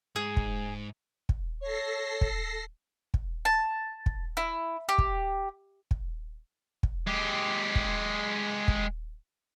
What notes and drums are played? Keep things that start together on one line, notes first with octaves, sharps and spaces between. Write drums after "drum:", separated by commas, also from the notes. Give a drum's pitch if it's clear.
G#2 G#4
drum: kick
drum: kick
A4 C#5 A#6 C7
drum: kick
drum: kick
A5
drum: kick
E4
G4
drum: kick
drum: kick
drum: kick
G#3 G4
drum: kick
drum: kick